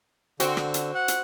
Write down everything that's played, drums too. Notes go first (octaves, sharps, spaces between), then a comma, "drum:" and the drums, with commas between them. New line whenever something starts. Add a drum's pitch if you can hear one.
D3 C4 F#4, drum: hi-hat
drum: rim click
drum: hi-hat
F#5
drum: hi-hat